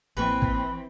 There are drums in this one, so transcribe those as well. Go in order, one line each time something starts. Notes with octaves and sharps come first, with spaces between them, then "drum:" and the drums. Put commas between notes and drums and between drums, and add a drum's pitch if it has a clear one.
A1 E3 A#3 C4 B4 G5 C#6
drum: kick